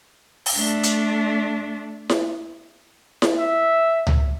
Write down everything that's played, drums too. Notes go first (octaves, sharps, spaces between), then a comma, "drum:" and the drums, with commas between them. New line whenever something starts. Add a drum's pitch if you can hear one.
drum: open hi-hat
A3 D4
drum: hi-hat
drum: snare E4
drum: snare E4
E5
drum: tom C#2